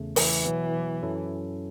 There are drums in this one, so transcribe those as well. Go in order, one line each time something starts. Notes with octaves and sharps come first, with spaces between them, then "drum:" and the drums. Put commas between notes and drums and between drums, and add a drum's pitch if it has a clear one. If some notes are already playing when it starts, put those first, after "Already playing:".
Already playing: E2 C#3 A3
E3, drum: open hi-hat
B2 F#3 B3
F#2 F#3 C#4 E4 A4